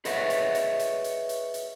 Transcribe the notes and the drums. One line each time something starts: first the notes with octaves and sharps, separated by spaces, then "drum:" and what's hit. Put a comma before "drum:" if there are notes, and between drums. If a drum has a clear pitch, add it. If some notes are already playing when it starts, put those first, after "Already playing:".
G#4 B4 C#5 D#5 E5 F#5, drum: hi-hat
drum: hi-hat
drum: hi-hat
drum: hi-hat
drum: hi-hat
drum: hi-hat
drum: hi-hat